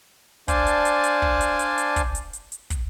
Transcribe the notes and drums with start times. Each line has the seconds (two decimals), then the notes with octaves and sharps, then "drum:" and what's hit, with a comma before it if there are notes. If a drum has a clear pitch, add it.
0.48 D4 C5 D5 F5 G#5 A5, drum: kick, hi-hat
0.67 drum: hi-hat
0.85 drum: hi-hat
1.04 drum: hi-hat
1.22 drum: kick
1.41 drum: hi-hat
1.59 drum: hi-hat
1.78 drum: hi-hat
1.96 drum: kick, hi-hat
2.15 drum: hi-hat
2.33 drum: hi-hat
2.52 drum: hi-hat
2.70 drum: kick, hi-hat